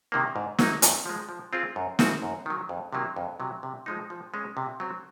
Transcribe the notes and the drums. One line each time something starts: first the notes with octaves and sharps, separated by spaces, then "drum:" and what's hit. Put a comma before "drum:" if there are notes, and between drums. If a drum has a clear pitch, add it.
C3 D#3 A#3
G#2
F#3 A#3 D#4, drum: snare
F#2, drum: hi-hat
F3 G#3
F3
C4 F4 G#4
F#2
C#3 F3 C4 F#4, drum: snare
F#2
D#3 F#3
F2
C3 D#3 F#3 A#3
F2
C3 F#3
C3
F3 G#3 D#4
F3
G#3 C#4
C3
F#3 C4